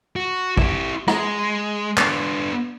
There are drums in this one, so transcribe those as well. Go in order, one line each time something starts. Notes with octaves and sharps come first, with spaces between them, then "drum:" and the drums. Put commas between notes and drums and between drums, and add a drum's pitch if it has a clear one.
F#4
E4 G4, drum: kick
G#3, drum: rim click
B3 D4, drum: clap